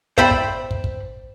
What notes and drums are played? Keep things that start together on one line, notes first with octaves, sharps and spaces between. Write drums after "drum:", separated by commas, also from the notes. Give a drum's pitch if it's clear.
C5 D5 E5 G5 B5, drum: kick
drum: kick
drum: kick
drum: kick